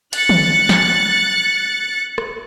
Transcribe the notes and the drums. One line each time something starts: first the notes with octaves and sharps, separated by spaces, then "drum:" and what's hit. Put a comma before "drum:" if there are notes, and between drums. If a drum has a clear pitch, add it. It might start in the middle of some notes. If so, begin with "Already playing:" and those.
F#6 A6 C#7, drum: cymbal
drum: tom
drum: snare
drum: rim click